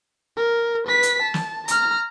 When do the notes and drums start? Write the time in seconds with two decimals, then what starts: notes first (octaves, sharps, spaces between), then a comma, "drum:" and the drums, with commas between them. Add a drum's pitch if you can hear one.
0.37 A#4
0.87 B4 B6
1.03 drum: hi-hat
1.22 A5
1.34 drum: snare
1.68 A#5 F6, drum: hi-hat